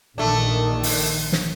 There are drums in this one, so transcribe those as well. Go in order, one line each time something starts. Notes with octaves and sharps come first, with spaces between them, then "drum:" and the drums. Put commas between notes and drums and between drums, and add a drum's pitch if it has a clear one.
A#1 D#3 A3 D4
drum: open hi-hat
drum: snare